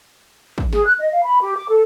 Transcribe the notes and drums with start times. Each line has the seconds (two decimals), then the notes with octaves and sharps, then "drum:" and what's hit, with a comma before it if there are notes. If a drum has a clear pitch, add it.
0.58 drum: kick
0.73 G#4, drum: snare
0.85 F#6
0.99 D#5
1.12 F5
1.24 B5
1.41 G4
1.56 D6
1.68 A4